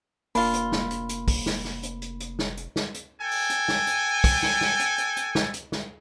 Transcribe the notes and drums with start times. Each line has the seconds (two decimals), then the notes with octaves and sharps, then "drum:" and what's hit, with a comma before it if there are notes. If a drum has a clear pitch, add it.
0.35 F1 A#3 D4 F4 B5, drum: open hi-hat
0.54 drum: hi-hat
0.72 drum: snare
0.91 drum: hi-hat
1.09 drum: hi-hat
1.28 drum: kick, open hi-hat
1.46 drum: snare
1.65 drum: snare
1.83 drum: hi-hat
2.02 drum: hi-hat
2.20 drum: hi-hat
2.39 drum: snare
2.57 drum: hi-hat
2.76 drum: snare
2.94 drum: hi-hat
3.21 A4 G5 G#5
3.31 drum: open hi-hat
3.50 drum: hi-hat
3.68 drum: snare
3.87 drum: hi-hat
4.24 drum: kick, open hi-hat
4.42 drum: snare
4.61 drum: snare
4.80 drum: hi-hat
4.98 drum: hi-hat
5.17 drum: hi-hat
5.35 drum: snare
5.54 drum: hi-hat
5.72 drum: snare